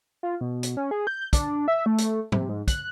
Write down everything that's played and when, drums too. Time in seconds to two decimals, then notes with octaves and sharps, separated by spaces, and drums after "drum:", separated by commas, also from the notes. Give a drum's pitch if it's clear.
0.23 F4
0.41 B2
0.63 drum: hi-hat
0.77 C#4
0.91 G#4
1.07 G6
1.33 D4, drum: kick, hi-hat
1.68 E5
1.86 A3
1.98 drum: hi-hat
2.32 C3, drum: tom G#2
2.49 G#2
2.68 F#6, drum: kick, hi-hat